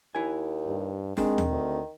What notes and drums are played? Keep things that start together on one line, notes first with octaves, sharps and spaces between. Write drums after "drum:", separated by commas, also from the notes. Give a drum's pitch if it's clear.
D#2 E4 G#5
G2
D#3 G#3 C4 D4, drum: snare
drum: tom D#2
D2